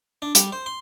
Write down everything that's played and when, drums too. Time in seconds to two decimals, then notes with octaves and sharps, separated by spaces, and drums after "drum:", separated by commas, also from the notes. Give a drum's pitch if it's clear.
0.22 D4
0.35 G3, drum: hi-hat
0.52 C5
0.66 C6